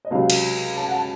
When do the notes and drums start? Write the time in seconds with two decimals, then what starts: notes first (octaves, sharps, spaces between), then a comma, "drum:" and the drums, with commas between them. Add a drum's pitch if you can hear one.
0.05 D#5
0.11 C#2 C3 F#3 F5
0.30 drum: cymbal
0.77 A5
0.88 F#5
0.93 A5